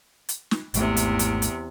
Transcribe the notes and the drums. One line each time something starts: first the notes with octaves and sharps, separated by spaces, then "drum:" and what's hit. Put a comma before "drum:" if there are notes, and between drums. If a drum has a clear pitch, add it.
drum: hi-hat
drum: snare
G#1 E2 G#2 C3 A3, drum: hi-hat
drum: hi-hat
drum: hi-hat
drum: hi-hat